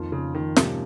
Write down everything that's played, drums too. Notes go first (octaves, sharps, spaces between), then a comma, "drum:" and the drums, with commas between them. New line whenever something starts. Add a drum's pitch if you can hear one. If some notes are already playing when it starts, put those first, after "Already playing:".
Already playing: F2 D#3 A#3 F4
C#3
D#3
G#2 C3 F3 A#3 C#4, drum: snare